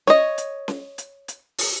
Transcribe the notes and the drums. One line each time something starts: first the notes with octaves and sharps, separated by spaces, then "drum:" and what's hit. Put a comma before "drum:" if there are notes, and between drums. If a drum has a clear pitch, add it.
C#5 D#5, drum: snare C#4
drum: hi-hat
drum: snare C#4
drum: hi-hat
drum: hi-hat
drum: open hi-hat